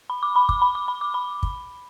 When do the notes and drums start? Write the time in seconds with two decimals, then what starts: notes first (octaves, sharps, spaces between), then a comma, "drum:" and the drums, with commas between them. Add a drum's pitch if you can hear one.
0.10 B5
0.23 D6
0.36 B5
0.49 D6, drum: kick
0.62 B5
0.75 D6
0.88 B5
1.01 D6
1.14 B5
1.43 drum: kick